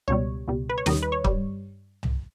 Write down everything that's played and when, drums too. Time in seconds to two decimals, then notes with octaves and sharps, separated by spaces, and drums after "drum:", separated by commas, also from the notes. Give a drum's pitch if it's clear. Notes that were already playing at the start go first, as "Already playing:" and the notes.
0.08 C#2 B2 G3 C#5
0.48 C#2 B2 G3
0.70 B4
0.78 C#5
0.86 D#2 D#3 G3 D#5, drum: snare
1.03 B4
1.12 C#5
1.24 G2 G3, drum: kick
2.03 drum: tom C2